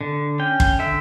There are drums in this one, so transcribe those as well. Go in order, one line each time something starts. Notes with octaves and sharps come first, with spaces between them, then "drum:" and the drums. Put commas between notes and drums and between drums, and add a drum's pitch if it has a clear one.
D3
C#4 G5
drum: kick
D3 E5